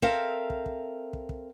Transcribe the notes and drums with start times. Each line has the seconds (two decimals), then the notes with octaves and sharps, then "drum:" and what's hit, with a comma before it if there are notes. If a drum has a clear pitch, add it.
0.02 C4 A4 A#4 E5 F5, drum: kick
0.50 drum: kick
0.66 drum: kick
1.13 drum: kick
1.29 drum: kick